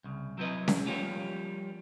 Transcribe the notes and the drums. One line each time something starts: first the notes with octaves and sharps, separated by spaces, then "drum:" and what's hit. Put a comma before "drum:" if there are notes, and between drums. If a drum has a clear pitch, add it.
C2 C#3
F#3 C4 E4 B4 D#5
drum: snare C#4
F3 G3 A#3 C#4 F4 G4